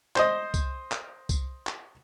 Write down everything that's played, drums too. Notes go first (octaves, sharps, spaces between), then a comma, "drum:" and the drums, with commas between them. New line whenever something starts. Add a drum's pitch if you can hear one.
C5 D#5, drum: clap
drum: kick C2, tambourine
drum: clap
drum: kick C2, tambourine
drum: clap